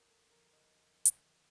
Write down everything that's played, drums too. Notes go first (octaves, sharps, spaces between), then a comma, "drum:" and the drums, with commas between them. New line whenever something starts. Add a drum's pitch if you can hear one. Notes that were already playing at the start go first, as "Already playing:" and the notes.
Already playing: F2 A#4
A4
D3 F3 A#4
D#5
F2
drum: hi-hat
D3 F3